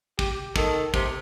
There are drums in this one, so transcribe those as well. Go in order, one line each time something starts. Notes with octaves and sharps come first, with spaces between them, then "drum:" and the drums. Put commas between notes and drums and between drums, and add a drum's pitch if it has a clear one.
G4, drum: kick
D#3 A4, drum: kick
C3, drum: kick